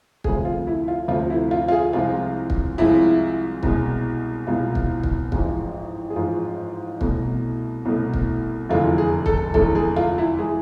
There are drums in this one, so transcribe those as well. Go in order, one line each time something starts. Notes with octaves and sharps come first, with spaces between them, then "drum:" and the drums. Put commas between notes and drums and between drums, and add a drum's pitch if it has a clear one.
D2 C3 F3 A3 G#4, drum: kick
F4
E4
F4
D2 C3 F3 A3 F4
E4
F4
F4
G#4
C2 C3 F3 G#3 F4
drum: kick
C2 C3 F3 G#3 E4
C2 B2 G#3, drum: kick
C2 B2 G#3 F4
drum: kick
drum: kick
A1 G#2 F3 G#3, drum: kick
G#4
A1 G#2 F3 G#3 F4
C2 B2 A3, drum: kick
C2 B2 A3
drum: kick
F1 E2 D3 G#3 F4
G#4
A4, drum: kick
F1 E2 D3 G#3 A4, drum: kick
G#4
F4
E4
E3 G#3 G#4